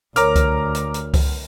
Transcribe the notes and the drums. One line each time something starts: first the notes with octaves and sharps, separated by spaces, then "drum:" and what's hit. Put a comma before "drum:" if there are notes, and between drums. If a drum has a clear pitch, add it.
D2 A#4 C5 C#5 A#5 D6 F6, drum: hi-hat
drum: kick C#2, hi-hat
drum: hi-hat
drum: hi-hat
drum: kick C#2, open hi-hat